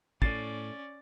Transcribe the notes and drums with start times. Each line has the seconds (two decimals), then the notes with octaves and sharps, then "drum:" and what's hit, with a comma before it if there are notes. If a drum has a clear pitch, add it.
0.22 A2 C#4 D5 A6, drum: kick